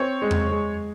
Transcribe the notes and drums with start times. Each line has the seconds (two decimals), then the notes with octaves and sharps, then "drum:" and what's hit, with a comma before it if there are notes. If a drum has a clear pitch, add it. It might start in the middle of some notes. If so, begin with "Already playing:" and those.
Already playing: C4 C#5
0.22 G#3
0.31 drum: tom E2
0.51 G#3